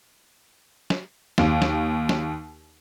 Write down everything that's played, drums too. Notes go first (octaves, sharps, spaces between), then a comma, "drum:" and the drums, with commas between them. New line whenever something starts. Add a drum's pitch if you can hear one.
drum: snare
D#2, drum: snare
drum: snare
drum: snare